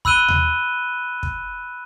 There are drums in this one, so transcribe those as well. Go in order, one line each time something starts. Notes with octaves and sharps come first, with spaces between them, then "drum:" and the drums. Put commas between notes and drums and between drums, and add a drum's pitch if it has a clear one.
B5 E6 F#6 D#7 G7, drum: kick
drum: tom D#2
drum: kick